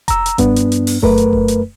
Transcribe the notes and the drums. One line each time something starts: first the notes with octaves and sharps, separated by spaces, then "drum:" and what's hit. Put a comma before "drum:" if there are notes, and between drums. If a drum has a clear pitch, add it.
A#5 E6, drum: kick F1, hi-hat
drum: hi-hat
G2 B3 D4, drum: kick F1, hi-hat
drum: hi-hat
drum: hi-hat
drum: open hi-hat
F#2 A3 A#4 B4, drum: kick F1
drum: hi-hat
drum: kick F1
drum: hi-hat